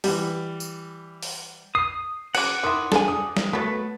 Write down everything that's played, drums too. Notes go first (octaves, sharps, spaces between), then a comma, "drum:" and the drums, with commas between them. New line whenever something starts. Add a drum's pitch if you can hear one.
E3 G3, drum: open hi-hat
drum: tambourine
drum: open hi-hat
D#6 C7
C#3 F#3 F#5 D6, drum: cymbal
D#3 E4 C6 D#6
D4 G#4 A4 G#5, drum: snare
D#6
drum: snare
F#3 A3 B3 B4